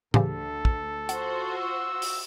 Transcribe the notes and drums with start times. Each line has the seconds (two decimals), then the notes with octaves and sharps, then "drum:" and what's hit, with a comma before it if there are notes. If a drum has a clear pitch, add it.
0.14 D2 C#3 E3 G4 A4, drum: tom
0.65 drum: kick
1.09 F4 F#4 C5 F#5, drum: hi-hat
1.57 E6
2.02 drum: open hi-hat